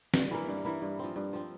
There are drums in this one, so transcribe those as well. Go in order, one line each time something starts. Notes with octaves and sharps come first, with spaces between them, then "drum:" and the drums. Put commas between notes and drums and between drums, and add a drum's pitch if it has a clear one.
G2, drum: snare
E3 A#3 E4
G2
E3 A#3 E4
G2
F3 C4
G2
F3 C4